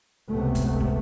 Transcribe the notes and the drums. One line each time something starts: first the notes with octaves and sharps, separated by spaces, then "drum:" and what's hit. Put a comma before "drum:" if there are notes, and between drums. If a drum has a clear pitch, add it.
C#2 C3 A3 B3
drum: kick, hi-hat
drum: kick